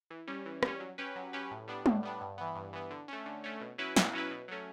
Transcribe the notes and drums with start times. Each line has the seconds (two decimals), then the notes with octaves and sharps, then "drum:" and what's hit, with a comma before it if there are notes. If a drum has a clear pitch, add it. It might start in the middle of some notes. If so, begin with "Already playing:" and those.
0.10 E3
0.27 G3 C#4
0.46 E3
0.63 G3 C#4, drum: rim click
0.80 F#3
0.98 C#4 G4 B4
1.16 F#3
1.33 C#4 G4 B4
1.51 A2
1.68 G3 B3 D4
1.86 A2, drum: tom
2.03 G3 B3 D4
2.21 G2
2.38 E3 B3
2.56 G2
2.73 E3 B3
2.91 D3
3.08 A3 C#4
3.26 D3
3.44 A3 C#4
3.61 B2
3.78 F#3 C#4 E4 B4
3.97 B2, drum: snare
4.13 F#3 C#4 E4 B4
4.31 B2
4.48 F#3 A3 C#4